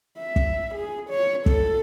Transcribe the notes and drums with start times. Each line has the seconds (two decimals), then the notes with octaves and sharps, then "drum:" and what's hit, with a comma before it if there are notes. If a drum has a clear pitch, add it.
0.19 E5
0.36 drum: kick
0.75 G#4
1.10 C#5
1.46 A4, drum: kick